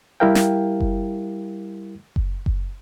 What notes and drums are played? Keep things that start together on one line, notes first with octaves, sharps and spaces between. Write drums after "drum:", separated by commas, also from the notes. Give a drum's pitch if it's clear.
G3 E4 G4 A#4 F5 G5
drum: snare
drum: kick F#1
drum: kick F#1
drum: kick F#1